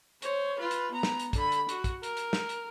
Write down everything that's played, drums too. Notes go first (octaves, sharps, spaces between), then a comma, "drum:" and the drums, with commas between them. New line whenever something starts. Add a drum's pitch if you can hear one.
C5 C#5, drum: hi-hat
F4 B4
drum: hi-hat
B3 A#5
drum: snare
drum: hi-hat
D3 B5, drum: kick, hi-hat
drum: hi-hat
F#4, drum: hi-hat
drum: kick, hi-hat
A#4, drum: hi-hat
drum: hi-hat
drum: snare
drum: hi-hat